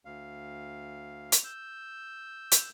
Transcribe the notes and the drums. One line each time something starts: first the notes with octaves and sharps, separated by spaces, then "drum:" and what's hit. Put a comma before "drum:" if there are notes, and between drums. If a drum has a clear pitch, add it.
D2 F5
drum: hi-hat
E6 G6
drum: hi-hat